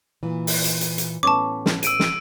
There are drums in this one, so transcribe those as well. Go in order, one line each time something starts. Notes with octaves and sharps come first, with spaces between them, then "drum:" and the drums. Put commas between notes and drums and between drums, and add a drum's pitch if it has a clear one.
A#2 E3
drum: open hi-hat
drum: hi-hat
drum: hi-hat
drum: hi-hat
A2 B3 C#4 A5 C#6 D6
drum: snare
E6 D7 D#7, drum: hi-hat
drum: snare